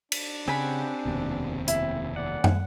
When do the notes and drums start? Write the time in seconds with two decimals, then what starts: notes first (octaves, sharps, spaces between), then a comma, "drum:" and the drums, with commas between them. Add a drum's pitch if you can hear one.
0.12 D4, drum: cymbal
0.48 C#3 C4 G4 F#5 G#5 B5
1.05 F1 D#2 B2
1.68 E4, drum: hi-hat
2.16 D5 F#5
2.44 drum: tom